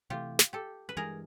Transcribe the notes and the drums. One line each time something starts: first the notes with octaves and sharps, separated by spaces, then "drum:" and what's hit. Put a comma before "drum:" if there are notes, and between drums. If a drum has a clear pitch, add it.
C3 E3 A3 F4 G4
drum: snare
G4 A4
B4
G2 E3 G#3 G#4 A#4